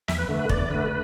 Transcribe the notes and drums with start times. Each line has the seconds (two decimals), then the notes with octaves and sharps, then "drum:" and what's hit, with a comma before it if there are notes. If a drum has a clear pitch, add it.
0.08 E2 E5, drum: snare
0.18 B4
0.29 D3 A3
0.39 B4
0.49 E2 D5, drum: kick
0.70 D3 A3 B4